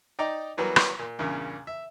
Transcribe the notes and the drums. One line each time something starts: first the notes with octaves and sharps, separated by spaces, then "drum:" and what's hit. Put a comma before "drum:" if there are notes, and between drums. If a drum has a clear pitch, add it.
D#4 D5 D#5 G5 A#5 D6
E3 F#3 G3 B3 A#4 B4
drum: rim click
A#2
E2 G2 A#2 C#3
E5